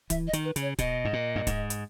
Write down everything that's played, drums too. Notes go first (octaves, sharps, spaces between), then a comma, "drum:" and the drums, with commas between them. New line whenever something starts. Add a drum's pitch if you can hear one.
E3 E5, drum: kick, hi-hat
D#5
D#3, drum: hi-hat
B4
C#3, drum: hi-hat
C#5
B2 D#5, drum: kick, hi-hat
G#2
A#2
G2
G#2, drum: kick, hi-hat
drum: hi-hat